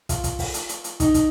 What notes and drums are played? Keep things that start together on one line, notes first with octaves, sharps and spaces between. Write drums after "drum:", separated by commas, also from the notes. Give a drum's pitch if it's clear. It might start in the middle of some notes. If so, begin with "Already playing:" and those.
F4, drum: kick, hi-hat
drum: kick, hi-hat
drum: kick, open hi-hat
drum: hi-hat
drum: hi-hat
drum: hi-hat
D#4, drum: kick, hi-hat
drum: kick, hi-hat